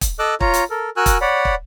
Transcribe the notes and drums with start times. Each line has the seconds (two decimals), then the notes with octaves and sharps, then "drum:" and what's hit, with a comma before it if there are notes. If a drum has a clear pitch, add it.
0.01 drum: kick, hi-hat
0.19 A4 D#5 D6 E6 F#6
0.41 F4 C#5 A#5, drum: kick
0.54 drum: hi-hat
0.70 A4 A#4
0.97 F#4 A#4 G#5 E6 F#6
1.06 drum: kick, hi-hat
1.21 C#5 D5 F#5 B5
1.45 drum: kick